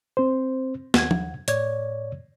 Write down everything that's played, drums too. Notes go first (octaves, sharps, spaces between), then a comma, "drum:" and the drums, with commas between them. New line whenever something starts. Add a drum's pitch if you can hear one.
C4 C5
D#2 F#5 G#6, drum: snare
drum: tom F3
A2 C#5 D5 G#6, drum: hi-hat